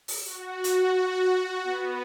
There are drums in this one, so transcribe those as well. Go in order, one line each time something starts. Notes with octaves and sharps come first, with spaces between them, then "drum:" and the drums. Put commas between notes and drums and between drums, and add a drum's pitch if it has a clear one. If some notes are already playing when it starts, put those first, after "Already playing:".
drum: open hi-hat
F#4
drum: hi-hat
B3